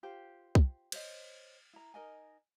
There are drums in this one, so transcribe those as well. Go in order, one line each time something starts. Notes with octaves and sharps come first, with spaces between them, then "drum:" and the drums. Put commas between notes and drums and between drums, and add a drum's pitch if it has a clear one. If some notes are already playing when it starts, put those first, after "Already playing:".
F4 G4 C5 G5
drum: kick
C5 C#5 D#5, drum: cymbal
E4 A#5
D#4 A#4 D#5 G#5